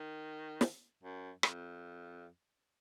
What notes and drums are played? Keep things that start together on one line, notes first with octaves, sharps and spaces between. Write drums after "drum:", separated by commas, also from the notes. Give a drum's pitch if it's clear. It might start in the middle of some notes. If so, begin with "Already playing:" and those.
Already playing: D#3
drum: snare
F#2
F2, drum: rim click